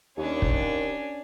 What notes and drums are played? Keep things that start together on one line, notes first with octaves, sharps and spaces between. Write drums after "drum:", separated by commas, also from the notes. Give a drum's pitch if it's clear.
D#2 C#4 D4
drum: kick